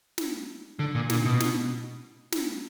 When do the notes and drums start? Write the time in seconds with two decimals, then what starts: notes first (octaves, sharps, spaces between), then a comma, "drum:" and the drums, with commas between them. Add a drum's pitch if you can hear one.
0.18 drum: snare
0.79 D3
0.95 A#2
1.10 A#2, drum: snare
1.25 B2
1.40 drum: snare
2.32 drum: snare